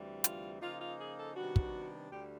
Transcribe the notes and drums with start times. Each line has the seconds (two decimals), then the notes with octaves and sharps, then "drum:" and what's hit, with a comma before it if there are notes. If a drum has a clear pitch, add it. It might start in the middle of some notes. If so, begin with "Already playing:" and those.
Already playing: D2 C3 E3 G3
0.24 F4, drum: hi-hat
0.61 C#3 F3 A#3 D#4 F4
0.80 F4
0.99 G#4
1.17 A4
1.35 C3 D#3 G3 B3 D4 F#4
1.56 drum: kick
2.10 D2 D3 G3 G4